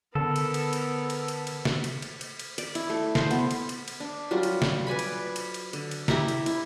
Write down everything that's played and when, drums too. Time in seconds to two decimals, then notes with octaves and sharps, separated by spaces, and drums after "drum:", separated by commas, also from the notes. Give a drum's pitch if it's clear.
0.15 D3 B3 A4 A#4
0.36 drum: cymbal
0.54 drum: cymbal
0.73 drum: cymbal
1.10 drum: cymbal
1.28 drum: cymbal
1.47 drum: cymbal
1.65 drum: snare
1.84 drum: cymbal
2.02 drum: cymbal
2.21 drum: cymbal
2.39 drum: cymbal
2.58 D5, drum: cymbal
2.75 E4, drum: cymbal
2.90 A3
3.15 C5, drum: snare
3.31 B3, drum: cymbal
3.51 drum: cymbal
3.69 drum: cymbal
3.88 drum: cymbal
4.00 D4
4.31 F#3 G3 F4 A#4
4.43 drum: cymbal
4.62 drum: snare
4.87 B4 D5 G#5 B5
4.99 drum: cymbal
5.36 drum: cymbal
5.54 drum: cymbal
5.73 D3, drum: cymbal
5.91 drum: cymbal
6.08 E4 G4 E5 A#5, drum: snare
6.28 drum: cymbal
6.46 E4, drum: cymbal